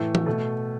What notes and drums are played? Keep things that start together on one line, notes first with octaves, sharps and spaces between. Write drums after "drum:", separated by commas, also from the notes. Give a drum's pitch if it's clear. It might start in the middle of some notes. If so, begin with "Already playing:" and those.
Already playing: A2 E3 A3 A4
drum: tom E3
B2 A3 A4